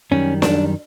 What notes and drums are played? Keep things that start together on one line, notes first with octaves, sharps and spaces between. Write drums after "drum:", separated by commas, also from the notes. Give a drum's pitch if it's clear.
F#2 D#3 G3 C#4
F#2 D#3 G3 D4, drum: snare